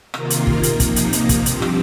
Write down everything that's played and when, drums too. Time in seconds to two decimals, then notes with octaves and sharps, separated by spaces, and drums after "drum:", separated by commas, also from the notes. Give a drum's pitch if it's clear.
0.14 C3 D#3 A#3 F4 A#4, drum: rim click
0.30 drum: hi-hat
0.47 drum: kick
0.63 drum: hi-hat
0.80 C3 F3 A#3 D#4, drum: kick, hi-hat
0.96 drum: hi-hat
1.13 drum: hi-hat
1.29 drum: kick, hi-hat
1.46 G2 F3 C4 G4, drum: hi-hat
1.62 drum: rim click